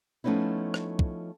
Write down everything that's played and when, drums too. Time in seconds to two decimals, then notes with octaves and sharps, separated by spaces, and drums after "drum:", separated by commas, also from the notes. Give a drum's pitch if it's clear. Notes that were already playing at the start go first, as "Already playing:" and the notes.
0.24 F3 A3 B3 C#4 D#4 E4
0.74 drum: rim click
0.99 drum: kick